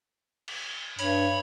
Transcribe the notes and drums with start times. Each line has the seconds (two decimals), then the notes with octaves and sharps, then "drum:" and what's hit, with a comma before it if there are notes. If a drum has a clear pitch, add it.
0.48 drum: cymbal
0.99 G2 C#5 B5 G#6, drum: hi-hat